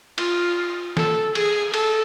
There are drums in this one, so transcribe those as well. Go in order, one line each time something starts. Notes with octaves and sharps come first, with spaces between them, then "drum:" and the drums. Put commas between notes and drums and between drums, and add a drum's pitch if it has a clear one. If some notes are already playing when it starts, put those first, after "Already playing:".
F4, drum: cymbal
A4, drum: snare
G#4, drum: cymbal
A4, drum: cymbal